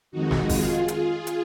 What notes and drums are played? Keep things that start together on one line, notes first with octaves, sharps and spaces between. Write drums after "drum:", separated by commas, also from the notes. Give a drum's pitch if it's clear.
F2 D#3 G#3 D#4 F#4
drum: snare
F4 G#4, drum: kick, open hi-hat
F4 G#4, drum: hi-hat
drum: hi-hat